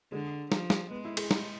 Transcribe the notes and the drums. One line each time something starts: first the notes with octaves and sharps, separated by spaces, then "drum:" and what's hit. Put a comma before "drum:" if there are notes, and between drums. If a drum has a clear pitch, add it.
D3 G#3
F3, drum: snare
drum: snare
G#3 B3
E4
G#4, drum: cymbal
E4, drum: snare